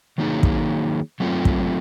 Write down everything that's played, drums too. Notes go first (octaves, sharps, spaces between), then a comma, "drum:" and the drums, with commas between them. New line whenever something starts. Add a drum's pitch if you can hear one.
D#3 F#3 A#3 D#4 G#4
drum: kick
F#3 A3 C4 F4
drum: kick